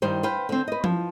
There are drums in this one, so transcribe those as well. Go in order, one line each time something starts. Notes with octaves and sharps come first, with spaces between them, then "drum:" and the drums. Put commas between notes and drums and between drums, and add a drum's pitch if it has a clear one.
G2 D#3 G3 C5
B4 C5 F5 G5
D3 C4
B4 D#5
F3, drum: tom F3